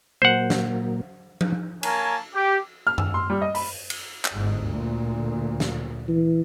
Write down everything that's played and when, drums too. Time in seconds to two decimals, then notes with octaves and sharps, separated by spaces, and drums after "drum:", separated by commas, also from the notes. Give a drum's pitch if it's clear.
0.22 A#2 F#3 A#3 C5 F#5
0.50 drum: snare
1.41 drum: tom F3
1.83 A#3 A#4 C#5 G#5 A5, drum: cymbal
2.35 G4
2.87 F6
2.98 E6, drum: tom F#2
3.14 C6
3.30 G3
3.42 D#5
3.55 B5, drum: open hi-hat
3.90 drum: cymbal
4.25 drum: clap
4.35 G1 G#2
4.67 D2 A#2
5.60 drum: snare
6.08 E3